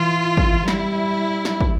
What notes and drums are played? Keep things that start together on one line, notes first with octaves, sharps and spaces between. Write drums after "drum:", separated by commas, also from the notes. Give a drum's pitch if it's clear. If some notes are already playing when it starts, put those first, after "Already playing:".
Already playing: E3 F4
drum: kick
G3 E4, drum: snare
drum: snare
drum: kick